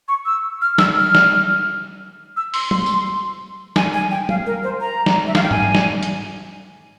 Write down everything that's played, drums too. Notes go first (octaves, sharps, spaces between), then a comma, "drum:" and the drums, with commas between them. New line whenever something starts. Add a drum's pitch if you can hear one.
C#6
E6
F6
E6, drum: snare
F6
drum: snare
E6
C6, drum: open hi-hat
C6, drum: tom
drum: tambourine
G#5, drum: snare
G#5
G5
F5, drum: tom
A#4
C5
A#5
drum: snare
E5
F5, drum: snare
G5
G#5, drum: tom
drum: snare
drum: hi-hat